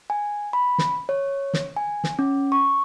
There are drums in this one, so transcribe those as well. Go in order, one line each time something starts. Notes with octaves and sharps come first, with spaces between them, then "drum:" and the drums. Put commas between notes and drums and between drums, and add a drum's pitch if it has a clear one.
G#5
B5
drum: snare
C#5
drum: snare
G#5
drum: snare
C#4
C#6